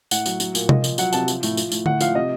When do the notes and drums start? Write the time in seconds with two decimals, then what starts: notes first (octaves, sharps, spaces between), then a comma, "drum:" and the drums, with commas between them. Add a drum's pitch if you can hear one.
0.11 A2 F#5, drum: tambourine
0.26 F#3, drum: tambourine
0.40 F#3, drum: tambourine
0.55 A#2, drum: tambourine
0.69 F3 D#5, drum: tom C3
0.84 F3, drum: tambourine
0.98 F#3 F#5, drum: tambourine
1.13 C3 A5, drum: tambourine
1.28 F3, drum: tambourine
1.43 A2, drum: tambourine
1.57 F3, drum: tambourine
1.72 A2, drum: tambourine
1.86 A2 F#5, drum: tom D3
2.01 F3 F5, drum: tambourine
2.15 C3 D#5